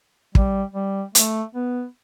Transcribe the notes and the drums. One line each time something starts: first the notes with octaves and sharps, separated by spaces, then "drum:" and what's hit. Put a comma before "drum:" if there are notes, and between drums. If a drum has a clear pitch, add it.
G3, drum: kick
G3
A3, drum: hi-hat
B3